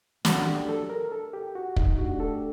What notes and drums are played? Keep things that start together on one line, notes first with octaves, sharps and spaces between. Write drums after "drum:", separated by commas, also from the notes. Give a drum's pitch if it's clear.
A2 F#3 A3 D4 F#4, drum: snare
G4
A4
A#4
A4
G4
F#4
D#4, drum: kick
A3 D4 F#4 G4
A4